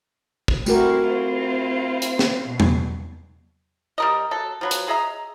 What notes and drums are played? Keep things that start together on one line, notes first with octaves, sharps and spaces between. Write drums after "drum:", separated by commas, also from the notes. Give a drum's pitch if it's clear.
drum: kick
G3 A3 C4 E4 F#4 A#4, drum: tambourine
C4 E4 F4
drum: hi-hat
drum: snare
B2
drum: tom
G3 A#4 D#5
F#3 A4
F3 F#3 B4
drum: hi-hat
G#4 D#5 E5 A#5